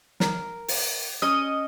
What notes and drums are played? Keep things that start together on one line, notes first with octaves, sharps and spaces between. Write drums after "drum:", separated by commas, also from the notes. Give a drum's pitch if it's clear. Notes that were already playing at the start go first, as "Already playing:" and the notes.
A#4, drum: snare
drum: open hi-hat
C#4 D#5